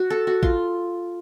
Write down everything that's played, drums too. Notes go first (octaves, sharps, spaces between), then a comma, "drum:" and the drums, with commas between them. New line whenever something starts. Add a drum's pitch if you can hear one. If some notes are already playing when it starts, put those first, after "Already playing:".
Already playing: F#4
A4
F#4
F4, drum: kick